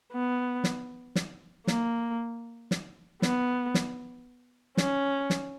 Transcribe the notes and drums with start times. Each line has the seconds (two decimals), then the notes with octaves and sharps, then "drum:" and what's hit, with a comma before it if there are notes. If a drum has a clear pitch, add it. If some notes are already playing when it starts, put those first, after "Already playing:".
0.13 B3
0.64 drum: snare
1.15 drum: snare
1.67 A#3, drum: snare
2.71 drum: snare
3.22 B3, drum: snare
3.74 drum: snare
4.77 C#4, drum: snare
5.30 drum: snare